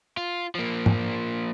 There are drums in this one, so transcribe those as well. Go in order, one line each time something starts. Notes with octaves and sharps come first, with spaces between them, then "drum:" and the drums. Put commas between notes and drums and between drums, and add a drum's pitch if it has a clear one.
F4
F3 A#3
drum: tom